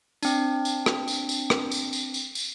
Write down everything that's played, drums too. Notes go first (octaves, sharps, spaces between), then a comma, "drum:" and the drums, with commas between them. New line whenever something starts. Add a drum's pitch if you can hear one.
C4 D4, drum: tambourine
drum: tambourine
drum: rim click
drum: tambourine
drum: tambourine
drum: rim click
drum: tambourine
drum: tambourine
drum: tambourine
drum: tambourine